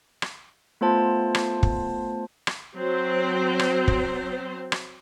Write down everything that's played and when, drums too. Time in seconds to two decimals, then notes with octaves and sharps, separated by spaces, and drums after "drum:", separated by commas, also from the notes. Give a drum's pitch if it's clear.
0.22 drum: rim click
0.81 A3 B3 F4 C5 A5
1.35 drum: rim click
1.63 drum: kick
2.47 drum: rim click
2.75 F#3 C4 C5
3.59 drum: rim click
3.88 drum: kick
4.72 drum: rim click